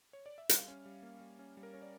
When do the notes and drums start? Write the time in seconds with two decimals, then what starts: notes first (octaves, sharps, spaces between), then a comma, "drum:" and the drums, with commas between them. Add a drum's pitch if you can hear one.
0.13 C#5
0.26 D5
0.38 E5
0.49 G3 F5, drum: hi-hat
0.68 C#4
0.86 G3
1.03 A#3
1.20 G3
1.39 C#4
1.57 G3
1.63 A#4
1.73 C#4 C#5
1.82 D5